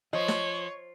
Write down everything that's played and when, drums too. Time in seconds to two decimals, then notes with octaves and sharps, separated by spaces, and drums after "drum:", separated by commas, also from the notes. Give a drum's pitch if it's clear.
0.13 F3 C#5 D#5
0.28 drum: snare